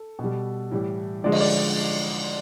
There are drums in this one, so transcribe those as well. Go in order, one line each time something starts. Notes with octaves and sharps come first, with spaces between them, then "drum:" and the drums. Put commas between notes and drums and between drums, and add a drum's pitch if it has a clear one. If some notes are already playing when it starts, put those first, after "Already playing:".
Already playing: A4
B2
G3
A2 E3 G3
D3 F3 G#3 D5
D#5, drum: cymbal
D5